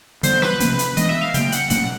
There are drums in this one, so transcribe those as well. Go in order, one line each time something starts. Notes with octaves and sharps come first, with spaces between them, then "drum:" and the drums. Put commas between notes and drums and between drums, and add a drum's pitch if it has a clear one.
D3 G3 B3 C5, drum: hi-hat
B4, drum: snare
C3 F3 A#3 C#4, drum: hi-hat
drum: hi-hat
E3 G#3 B3 D4 D#5, drum: hi-hat
E5
F5
C#3 F#3 A#3 G5, drum: hi-hat
F#5, drum: hi-hat
B2 F#3 A#3 C#4 F#5, drum: hi-hat